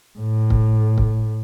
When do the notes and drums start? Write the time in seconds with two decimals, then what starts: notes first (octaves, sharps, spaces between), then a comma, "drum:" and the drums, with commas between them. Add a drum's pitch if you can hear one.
0.19 A2
0.50 drum: kick C#1
0.98 drum: kick C#1